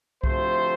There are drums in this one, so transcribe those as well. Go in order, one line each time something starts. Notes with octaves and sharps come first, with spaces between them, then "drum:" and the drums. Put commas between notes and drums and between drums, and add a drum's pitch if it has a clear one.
D2 C3 F3 A3 C5, drum: kick C2